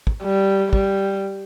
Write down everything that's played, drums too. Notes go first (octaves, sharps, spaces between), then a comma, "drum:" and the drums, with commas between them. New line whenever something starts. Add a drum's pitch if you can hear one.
drum: kick
G3
G3, drum: kick